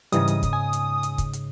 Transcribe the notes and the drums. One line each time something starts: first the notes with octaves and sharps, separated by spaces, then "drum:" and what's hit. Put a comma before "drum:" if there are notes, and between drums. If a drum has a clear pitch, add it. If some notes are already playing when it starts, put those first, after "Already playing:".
G#2 C#3 E3 G3 D#6 A#6, drum: hi-hat
drum: hi-hat
drum: kick, hi-hat
G#5
drum: hi-hat
drum: hi-hat
drum: kick, hi-hat
drum: hi-hat